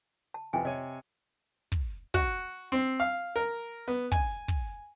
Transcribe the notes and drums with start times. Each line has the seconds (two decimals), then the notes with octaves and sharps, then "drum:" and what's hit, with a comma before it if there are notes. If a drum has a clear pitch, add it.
0.34 A5
0.53 F2 C3 E3 G5 G#5
0.65 C3 C#5 D#5 G#5
1.72 drum: kick
2.14 F#4, drum: kick
2.72 C4
3.00 F5
3.36 A#4
3.88 B3
4.12 G#5, drum: kick
4.48 drum: kick